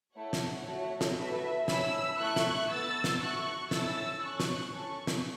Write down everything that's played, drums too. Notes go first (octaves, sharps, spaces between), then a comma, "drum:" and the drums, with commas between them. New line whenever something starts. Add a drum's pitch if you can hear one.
A3 E4 A4 C#5 F#5
drum: snare
A3 F#4 A4
drum: snare
A3 F#4 A4 B4 E5
C#4 E4 A4 B5 E6, drum: snare
A3 E4 A4 C#6 F#6
drum: snare
B3 A4 E6 A6
drum: snare
A3 F#4 A4 C#6 F#6
C#4 E4 A4 E6 A6, drum: snare
C#4 A4 C#6 F#6
drum: snare
C#4 A4 A5 C#6
drum: snare